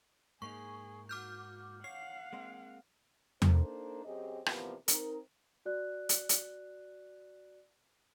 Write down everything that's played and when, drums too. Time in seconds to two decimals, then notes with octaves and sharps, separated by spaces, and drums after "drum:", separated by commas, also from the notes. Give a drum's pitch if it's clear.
0.42 G#2 A#3 D#4 G#4 C#6
1.09 F#4 D6 F6 G6
1.84 C#5 F5 F#5 C7
2.33 G#3 A#3 C4
3.42 A#3 D4 D#4 A4 A#4 C5, drum: tom E2
4.04 F#2 C4 G4 G#4 D#5
4.46 C3 E3 F3 G3 A#3 B3, drum: rim click
4.88 C4 D#4 A#4, drum: hi-hat
5.66 F#4 D5 F#6
6.09 drum: hi-hat
6.29 drum: hi-hat